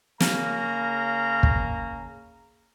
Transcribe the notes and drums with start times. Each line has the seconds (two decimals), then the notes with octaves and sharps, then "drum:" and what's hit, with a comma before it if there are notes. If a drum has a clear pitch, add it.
0.20 C#3 A#3 A#5, drum: snare
1.43 drum: kick